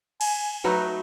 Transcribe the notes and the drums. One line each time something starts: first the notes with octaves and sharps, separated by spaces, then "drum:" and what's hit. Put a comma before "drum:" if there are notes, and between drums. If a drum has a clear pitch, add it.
G#5, drum: cymbal
F#3 A3 D#4 B4